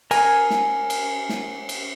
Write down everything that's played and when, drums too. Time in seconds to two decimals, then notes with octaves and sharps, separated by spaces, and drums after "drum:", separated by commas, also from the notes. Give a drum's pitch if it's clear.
0.11 A#4 G#5, drum: cymbal
0.50 drum: snare
0.90 drum: cymbal
1.29 drum: snare
1.69 drum: cymbal